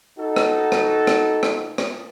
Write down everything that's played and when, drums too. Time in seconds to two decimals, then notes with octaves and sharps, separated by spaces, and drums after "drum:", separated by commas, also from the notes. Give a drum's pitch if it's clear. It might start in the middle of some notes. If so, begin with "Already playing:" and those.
0.19 D#4 F#4 A4
0.36 drum: rim click
0.72 drum: rim click
1.07 drum: rim click
1.43 drum: rim click
1.78 drum: rim click